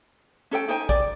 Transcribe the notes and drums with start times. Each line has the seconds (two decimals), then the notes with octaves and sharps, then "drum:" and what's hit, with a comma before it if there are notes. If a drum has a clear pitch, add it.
0.51 C#4 A4 D5 G5
0.68 D#4 C5 G5 G#5
0.89 D5, drum: kick